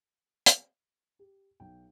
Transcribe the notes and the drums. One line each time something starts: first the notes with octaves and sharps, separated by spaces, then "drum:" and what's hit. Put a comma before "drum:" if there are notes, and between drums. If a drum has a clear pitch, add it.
drum: hi-hat
G4
B1 G5